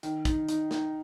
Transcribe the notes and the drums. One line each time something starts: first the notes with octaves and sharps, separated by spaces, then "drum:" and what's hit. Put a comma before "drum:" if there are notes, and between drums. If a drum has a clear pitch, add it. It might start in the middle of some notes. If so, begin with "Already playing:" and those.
D#3, drum: hi-hat
D#4, drum: kick, hi-hat
D#4, drum: hi-hat
D#4, drum: snare